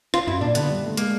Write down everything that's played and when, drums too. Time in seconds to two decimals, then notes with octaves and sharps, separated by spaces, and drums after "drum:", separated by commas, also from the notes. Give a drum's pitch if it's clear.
0.14 F4, drum: rim click
0.27 F#2 E4
0.41 A#2 D4
0.55 D3 B3, drum: hi-hat
0.70 G3
0.83 A3
0.97 G#3 A#3, drum: hi-hat